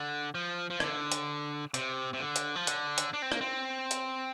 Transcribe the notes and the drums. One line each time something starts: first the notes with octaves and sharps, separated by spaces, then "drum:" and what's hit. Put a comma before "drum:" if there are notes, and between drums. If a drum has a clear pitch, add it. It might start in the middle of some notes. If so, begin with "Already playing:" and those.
Already playing: D3
F3
F3
D3, drum: rim click
drum: hi-hat
C3, drum: hi-hat
C3
D3
drum: hi-hat
F3
D3, drum: hi-hat
drum: hi-hat
D4
C4
A#3, drum: rim click
C4
drum: hi-hat